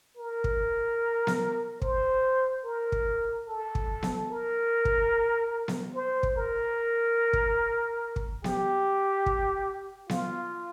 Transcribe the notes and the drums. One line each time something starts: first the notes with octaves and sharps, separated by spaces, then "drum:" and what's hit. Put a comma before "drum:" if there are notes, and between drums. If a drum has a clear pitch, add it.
A#4
drum: kick
drum: snare B3
C5, drum: kick
A#4
drum: kick
A4
drum: kick
drum: snare B3
A#4
drum: kick
drum: snare B3
C5
drum: kick
A#4
drum: kick
drum: kick
G4, drum: snare B3
drum: kick
F4, drum: snare B3